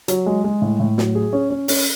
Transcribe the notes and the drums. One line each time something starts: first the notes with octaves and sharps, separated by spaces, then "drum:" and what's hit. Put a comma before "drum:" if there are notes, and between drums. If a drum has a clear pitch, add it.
F#3, drum: hi-hat
G#3
G#3
A2
A2
F#3, drum: snare
G#4
C#4
C#4
C#4, drum: open hi-hat